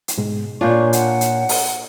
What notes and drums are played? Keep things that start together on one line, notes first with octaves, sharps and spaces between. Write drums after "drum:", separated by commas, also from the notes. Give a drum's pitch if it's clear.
drum: hi-hat
G#2 B2 G#3
A#2 D4 F4 C#5 G#5 C#6 G6
F#5, drum: hi-hat
drum: hi-hat
drum: open hi-hat